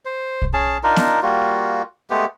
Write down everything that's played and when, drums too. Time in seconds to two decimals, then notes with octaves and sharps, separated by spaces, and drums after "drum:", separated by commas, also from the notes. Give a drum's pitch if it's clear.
0.05 C5
0.42 drum: kick
0.53 C#4 G#4 A5
0.83 D4 D#4 F4 A#4
0.96 drum: snare B3
1.23 G3 A#3 F4 F#4
2.10 G#3 A3 B3 G4